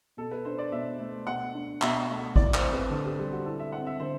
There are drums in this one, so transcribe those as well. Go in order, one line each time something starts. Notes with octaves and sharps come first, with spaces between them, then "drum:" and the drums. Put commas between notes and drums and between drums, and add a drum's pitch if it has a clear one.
B2 A4
B4
D4 C5
D5
B2 E5
A3
B2 F#5
D4
B2 E5, drum: clap
A3
E4 D5, drum: kick G#1
C5, drum: clap
C4
B4
D3 A4
G4
G3 G4
F#4
E4 A4
E5
C4 F#5
E5
D3 C5